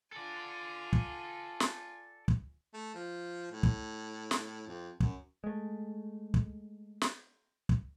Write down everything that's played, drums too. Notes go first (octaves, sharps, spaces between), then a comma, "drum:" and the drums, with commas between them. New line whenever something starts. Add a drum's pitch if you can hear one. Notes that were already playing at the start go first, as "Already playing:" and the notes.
F4 A4 D5 G#5
drum: kick
drum: snare
drum: kick
A3
F3
A2
drum: kick
drum: snare
F2
F#2, drum: kick
G#3 A3
drum: kick
drum: snare
drum: kick